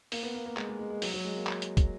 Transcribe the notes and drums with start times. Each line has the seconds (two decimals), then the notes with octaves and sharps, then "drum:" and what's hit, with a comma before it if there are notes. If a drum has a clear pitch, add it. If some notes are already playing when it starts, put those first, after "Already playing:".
0.12 A#3, drum: open hi-hat
0.23 B3
0.34 A#3
0.46 A#3
0.57 G#3, drum: clap
0.69 G#3
0.79 G#3
0.90 G#3
1.02 F#3, drum: open hi-hat
1.14 F#3
1.25 G#3
1.36 A#3
1.47 drum: clap
1.62 drum: hi-hat
1.77 drum: kick, hi-hat